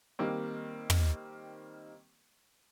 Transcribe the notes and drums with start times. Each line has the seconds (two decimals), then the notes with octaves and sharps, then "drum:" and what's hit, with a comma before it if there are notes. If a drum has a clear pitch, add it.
0.19 D#3 G3 A#3 C4
0.90 drum: tom